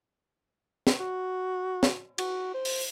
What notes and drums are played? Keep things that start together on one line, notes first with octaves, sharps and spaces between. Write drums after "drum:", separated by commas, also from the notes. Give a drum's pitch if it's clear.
drum: snare
F#4
drum: snare
F#4, drum: cymbal
C5
drum: open hi-hat